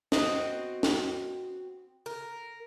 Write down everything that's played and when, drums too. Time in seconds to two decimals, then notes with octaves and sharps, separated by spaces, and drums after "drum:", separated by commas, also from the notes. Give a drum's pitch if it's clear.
0.12 B3 C4 F#4 D#5, drum: snare
0.83 drum: snare
2.06 A#4